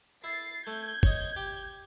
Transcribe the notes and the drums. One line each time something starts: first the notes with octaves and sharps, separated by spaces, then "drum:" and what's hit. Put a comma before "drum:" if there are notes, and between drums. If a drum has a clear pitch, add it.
E4 A6 C7
A3 G6 G#6
C#5 D#5, drum: kick G1
G4